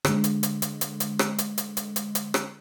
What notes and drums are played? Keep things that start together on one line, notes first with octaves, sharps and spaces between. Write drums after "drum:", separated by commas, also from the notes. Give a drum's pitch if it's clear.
D3 G#3, drum: rim click
drum: hi-hat
drum: hi-hat
drum: hi-hat
drum: hi-hat
drum: hi-hat
drum: rim click
drum: hi-hat
drum: hi-hat
drum: hi-hat
drum: hi-hat
drum: hi-hat
drum: rim click